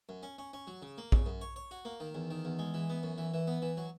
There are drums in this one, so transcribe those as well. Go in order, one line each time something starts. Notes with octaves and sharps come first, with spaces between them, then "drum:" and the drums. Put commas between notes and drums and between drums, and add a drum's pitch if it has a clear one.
F#2
C#4
C#4
C#4
F#3
C#3
A#3
C#3, drum: kick
F#2
C#5
C#5
F#4
A#3
D#3
E2
D#3
E2
G#3
E3
B3
F#2
E3
E3
B3
E3
F#3